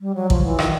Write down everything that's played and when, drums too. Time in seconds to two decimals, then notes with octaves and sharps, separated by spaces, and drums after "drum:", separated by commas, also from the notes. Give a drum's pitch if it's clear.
0.01 G3
0.15 F#3
0.30 F3, drum: kick
0.44 E3
0.59 D#3, drum: rim click